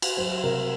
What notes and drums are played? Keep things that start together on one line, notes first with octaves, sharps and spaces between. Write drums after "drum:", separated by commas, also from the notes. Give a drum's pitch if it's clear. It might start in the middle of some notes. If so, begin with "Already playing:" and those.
drum: cymbal
F#3 C5
C3 A#4